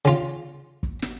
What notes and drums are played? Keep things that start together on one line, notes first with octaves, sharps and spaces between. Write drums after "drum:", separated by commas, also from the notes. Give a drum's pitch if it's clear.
C#3 F4
drum: kick
drum: snare